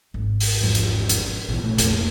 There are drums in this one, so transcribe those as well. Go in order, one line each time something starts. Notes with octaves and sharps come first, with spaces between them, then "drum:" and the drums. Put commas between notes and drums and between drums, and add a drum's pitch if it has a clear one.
G#1
drum: open hi-hat
E1 G#2 F3
drum: hi-hat
drum: hi-hat
A#1 B2 E3
A#2 A3
F2 A#3, drum: hi-hat